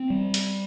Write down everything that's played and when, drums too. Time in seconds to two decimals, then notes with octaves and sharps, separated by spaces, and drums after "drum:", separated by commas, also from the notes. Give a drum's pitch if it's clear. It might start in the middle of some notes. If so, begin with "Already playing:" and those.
Already playing: C4
0.10 G3
0.34 drum: hi-hat